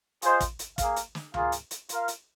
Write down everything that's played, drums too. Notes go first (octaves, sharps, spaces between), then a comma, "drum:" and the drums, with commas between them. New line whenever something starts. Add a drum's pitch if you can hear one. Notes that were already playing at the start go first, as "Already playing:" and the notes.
F4 G#4 C5 D#5, drum: hi-hat
drum: kick, hi-hat
drum: hi-hat
A#3 G#4 F5, drum: kick, hi-hat
drum: hi-hat
drum: snare
A#3 F4 G#4 F5, drum: tom C#2
drum: hi-hat
drum: hi-hat
F4 A#4 F5, drum: hi-hat
drum: hi-hat